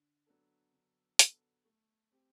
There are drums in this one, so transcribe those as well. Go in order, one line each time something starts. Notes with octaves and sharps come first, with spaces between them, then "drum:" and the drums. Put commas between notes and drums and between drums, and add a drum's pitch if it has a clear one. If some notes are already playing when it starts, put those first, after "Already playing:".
Already playing: D3
F#3 B3 D4 A4
D3
F#3 B3 D4 A4, drum: hi-hat
A3
C4 G4